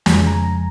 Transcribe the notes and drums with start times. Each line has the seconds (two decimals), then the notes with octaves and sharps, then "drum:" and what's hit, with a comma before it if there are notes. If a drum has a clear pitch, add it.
0.06 F2 C#3 F3 G#3 G#5, drum: snare
0.27 A#5